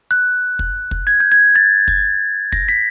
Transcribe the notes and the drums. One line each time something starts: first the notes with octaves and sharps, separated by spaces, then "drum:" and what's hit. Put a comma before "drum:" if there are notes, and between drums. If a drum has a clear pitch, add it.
F#6
drum: kick
drum: kick
G#6
G6
G#6
A6
drum: kick
A#6, drum: kick
B6